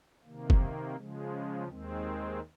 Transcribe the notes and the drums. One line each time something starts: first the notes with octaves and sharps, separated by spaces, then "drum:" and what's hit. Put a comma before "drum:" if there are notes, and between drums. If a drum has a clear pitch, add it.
C3 D#3 A#3
drum: kick
C#3 F3 G#3
D#2 D#3 G#3 C4